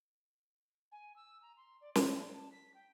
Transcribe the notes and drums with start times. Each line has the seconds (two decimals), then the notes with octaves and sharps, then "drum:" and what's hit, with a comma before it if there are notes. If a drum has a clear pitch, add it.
0.91 G#5
1.16 E6
1.42 A#5
1.56 C6
1.81 D5
1.95 D#5, drum: snare
2.18 D5
2.32 A5
2.52 B6
2.74 G5